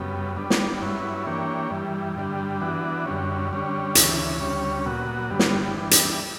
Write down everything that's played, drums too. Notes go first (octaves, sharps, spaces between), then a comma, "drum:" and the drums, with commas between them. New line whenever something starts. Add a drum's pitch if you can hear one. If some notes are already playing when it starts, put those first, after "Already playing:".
Already playing: F#2 C#3 G3 B3
G3 B3 D4
drum: snare
G2 F#3 C#4 E4 B4
E3 A#3 D4 G4 C#5
G2 E3 G3
G2 D3 G3
E3 B3 D4 F#4
F#2 D3 G3 C#4
D3 G3 C#4
D2 C#3 E3, drum: hi-hat
D2 C#3 G3 C#4
A#2 F#3 B3 F#4
G2 D3 G3 B3
drum: snare
E3 G3 B3 D4
drum: hi-hat